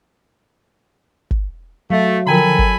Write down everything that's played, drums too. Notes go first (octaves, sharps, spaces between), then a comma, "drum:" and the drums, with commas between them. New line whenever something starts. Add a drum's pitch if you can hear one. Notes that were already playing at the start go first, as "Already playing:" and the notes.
drum: kick
F#3 A3 E5 F5
D3 F3 A4 A#4 G5 G#5 A#5 B5
drum: kick